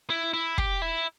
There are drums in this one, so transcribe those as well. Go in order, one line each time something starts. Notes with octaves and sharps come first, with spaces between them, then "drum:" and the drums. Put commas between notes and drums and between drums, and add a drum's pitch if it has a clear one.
E4
E4
G4, drum: kick
E4